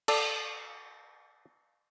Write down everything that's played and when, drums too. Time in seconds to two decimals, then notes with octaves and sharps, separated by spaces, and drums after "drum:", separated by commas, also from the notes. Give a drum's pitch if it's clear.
0.08 A4 D5, drum: cymbal